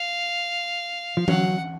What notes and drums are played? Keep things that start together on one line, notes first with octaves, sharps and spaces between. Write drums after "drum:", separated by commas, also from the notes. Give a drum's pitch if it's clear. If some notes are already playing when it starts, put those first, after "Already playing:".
Already playing: F5
F3
F#3 F#5, drum: tom E3